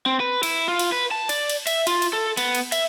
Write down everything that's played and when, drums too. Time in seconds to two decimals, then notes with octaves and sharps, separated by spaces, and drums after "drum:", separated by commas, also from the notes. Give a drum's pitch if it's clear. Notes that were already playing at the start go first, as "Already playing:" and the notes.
0.06 C4
0.20 B4
0.43 E4, drum: cymbal
0.68 F4
0.79 drum: cymbal
0.92 B4
1.11 A5
1.29 D5, drum: cymbal
1.50 drum: cymbal
1.67 E5, drum: cymbal
1.87 F4, drum: cymbal
2.02 drum: cymbal
2.13 A4
2.37 B3, drum: cymbal
2.55 drum: cymbal
2.72 E5, drum: cymbal